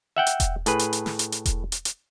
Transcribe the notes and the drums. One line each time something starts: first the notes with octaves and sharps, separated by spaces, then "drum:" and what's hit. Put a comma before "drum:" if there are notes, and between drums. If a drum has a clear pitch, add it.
E5 F#5 G5
drum: hi-hat
drum: kick E1, hi-hat
A2 G#4 B4, drum: hi-hat
drum: hi-hat
drum: hi-hat
drum: snare
drum: hi-hat
drum: hi-hat
drum: kick E1, hi-hat
drum: hi-hat
drum: hi-hat